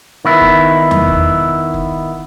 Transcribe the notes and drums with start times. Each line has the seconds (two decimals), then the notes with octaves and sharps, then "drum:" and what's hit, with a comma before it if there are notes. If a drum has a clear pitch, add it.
0.25 D#3 B3 E4
0.41 drum: kick F1
0.91 drum: tom E2
1.08 drum: kick F1
1.74 drum: kick F1